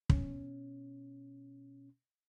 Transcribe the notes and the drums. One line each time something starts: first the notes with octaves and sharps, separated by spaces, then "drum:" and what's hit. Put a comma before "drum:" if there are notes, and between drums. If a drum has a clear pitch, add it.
B2 C#4, drum: kick